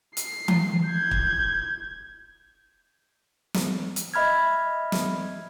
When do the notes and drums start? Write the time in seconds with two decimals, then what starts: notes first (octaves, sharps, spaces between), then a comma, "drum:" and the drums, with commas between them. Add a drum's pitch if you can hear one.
0.17 C7, drum: hi-hat
0.48 drum: tom E3
0.87 G6 G#6
1.11 drum: kick
3.54 drum: snare
3.96 drum: hi-hat
4.14 D#5 E5 B5 F6 G#6
4.92 drum: snare